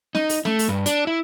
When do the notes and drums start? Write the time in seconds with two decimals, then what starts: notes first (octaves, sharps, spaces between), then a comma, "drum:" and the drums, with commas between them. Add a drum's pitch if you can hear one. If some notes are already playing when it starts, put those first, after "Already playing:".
0.15 D#4, drum: snare
0.29 drum: open hi-hat
0.45 A3, drum: snare
0.59 drum: open hi-hat
0.69 G2
0.86 D4, drum: hi-hat
1.07 E4